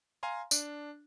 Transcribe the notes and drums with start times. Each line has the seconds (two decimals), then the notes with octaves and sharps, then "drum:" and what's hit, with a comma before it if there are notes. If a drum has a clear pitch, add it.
0.23 F5 G#5 A#5 C6
0.51 D4, drum: tambourine